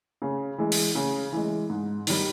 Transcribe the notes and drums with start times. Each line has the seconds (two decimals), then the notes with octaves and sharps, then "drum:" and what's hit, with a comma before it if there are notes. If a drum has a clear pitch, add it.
0.22 C#3
0.58 E3 G#3
0.72 drum: open hi-hat
0.95 C#3
1.32 E3 G#3
1.70 G#2
2.07 D#3 G3, drum: open hi-hat